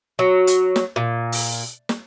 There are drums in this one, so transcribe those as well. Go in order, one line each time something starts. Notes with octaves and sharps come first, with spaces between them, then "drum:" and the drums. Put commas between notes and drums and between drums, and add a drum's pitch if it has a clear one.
F#3
drum: hi-hat
drum: snare
A#2
drum: open hi-hat
drum: snare